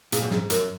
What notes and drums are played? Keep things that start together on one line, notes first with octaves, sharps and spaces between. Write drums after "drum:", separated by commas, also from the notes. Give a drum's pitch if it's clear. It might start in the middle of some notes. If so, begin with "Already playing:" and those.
A#2 G#4, drum: hi-hat
F#2
G#2 G#4, drum: snare
F#2 A#4, drum: hi-hat